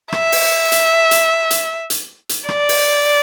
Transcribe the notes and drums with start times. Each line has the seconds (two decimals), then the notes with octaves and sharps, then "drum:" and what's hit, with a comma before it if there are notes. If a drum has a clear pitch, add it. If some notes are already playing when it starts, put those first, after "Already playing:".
0.12 E5, drum: rim click
0.32 drum: open hi-hat
0.72 drum: hi-hat
1.11 drum: hi-hat
1.50 drum: hi-hat
1.90 drum: hi-hat
2.29 drum: hi-hat
2.49 D5, drum: rim click
2.69 drum: open hi-hat